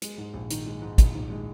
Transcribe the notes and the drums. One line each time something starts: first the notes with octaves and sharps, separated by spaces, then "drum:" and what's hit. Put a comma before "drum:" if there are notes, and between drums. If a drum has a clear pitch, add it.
G#3, drum: hi-hat
G#2
A#1
D#3, drum: hi-hat
G#3
G#2
A#1, drum: kick, hi-hat
D#3
G#3